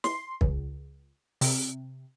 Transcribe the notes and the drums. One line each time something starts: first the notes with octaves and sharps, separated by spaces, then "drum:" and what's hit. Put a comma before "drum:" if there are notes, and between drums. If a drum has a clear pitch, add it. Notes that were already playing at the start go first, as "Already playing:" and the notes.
C6, drum: snare
C#2, drum: kick
C3, drum: open hi-hat